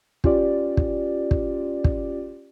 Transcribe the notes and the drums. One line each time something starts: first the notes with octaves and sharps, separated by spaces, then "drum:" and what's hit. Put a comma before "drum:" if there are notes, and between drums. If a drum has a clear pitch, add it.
C#4 F4 G4 D5, drum: kick
drum: kick
drum: kick
drum: kick